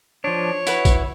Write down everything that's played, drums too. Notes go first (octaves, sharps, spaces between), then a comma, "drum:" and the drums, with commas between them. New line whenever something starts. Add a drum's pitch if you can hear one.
F3 D4 C#5
E4 F#4 B4, drum: tambourine
drum: kick A1, tambourine